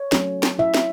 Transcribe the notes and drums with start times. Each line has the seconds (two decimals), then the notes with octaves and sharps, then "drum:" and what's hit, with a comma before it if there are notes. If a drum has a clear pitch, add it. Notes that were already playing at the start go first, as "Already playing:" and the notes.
Already playing: C#5
0.12 F#3 A3 C#4, drum: snare
0.43 drum: snare
0.59 E4 E5
0.74 drum: snare